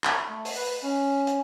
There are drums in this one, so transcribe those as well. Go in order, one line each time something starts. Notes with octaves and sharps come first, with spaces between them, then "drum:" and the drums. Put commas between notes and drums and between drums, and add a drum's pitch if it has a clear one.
B5, drum: clap
A3
drum: open hi-hat
B4
C#4
drum: hi-hat